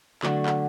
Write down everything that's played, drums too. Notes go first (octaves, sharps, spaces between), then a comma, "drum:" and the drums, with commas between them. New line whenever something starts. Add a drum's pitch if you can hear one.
D3 F#3 A3 D4, drum: clap
drum: clap